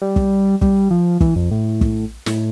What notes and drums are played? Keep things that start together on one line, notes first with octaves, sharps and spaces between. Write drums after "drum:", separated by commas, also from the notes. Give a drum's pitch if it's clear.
G3
drum: kick
G3, drum: kick
F3
E3, drum: kick
F2
A2
drum: kick
A2, drum: snare